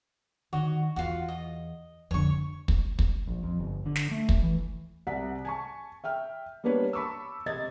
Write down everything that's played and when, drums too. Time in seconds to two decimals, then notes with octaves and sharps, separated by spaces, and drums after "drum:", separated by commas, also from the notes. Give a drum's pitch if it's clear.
0.53 D#3 F#4 C#5 D#5
0.96 E2 F4 F#4
1.28 D#5
2.11 F2 D3 C#5 C#6
2.68 drum: kick
2.99 drum: kick
3.27 A#1
3.43 F2
3.59 G1
3.86 D3
3.95 drum: snare
4.11 A3
4.29 drum: kick
4.42 E3
5.07 C2 F#5 B6
5.45 G#5 A5 C#6
6.04 E5 G5 F6
6.64 G3 A#3 B3 D4 B4 C#5
6.93 A5 B5 C#6 D6 E6
7.46 C3 C4 D#5 G#6 A6